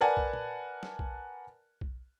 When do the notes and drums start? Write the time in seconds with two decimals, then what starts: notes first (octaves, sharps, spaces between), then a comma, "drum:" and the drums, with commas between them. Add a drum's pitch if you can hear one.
0.01 A#4 B4 D5 F#5 G#5 A5
0.17 drum: kick B1
0.33 drum: tom A#2
0.83 drum: snare
0.99 drum: kick B1
1.81 drum: kick B1